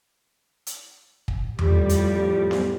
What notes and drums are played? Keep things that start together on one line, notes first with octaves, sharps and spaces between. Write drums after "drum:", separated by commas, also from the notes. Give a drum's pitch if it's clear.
drum: hi-hat
drum: kick
F2 A2 F3 G3, drum: tom E2
drum: hi-hat
drum: snare B3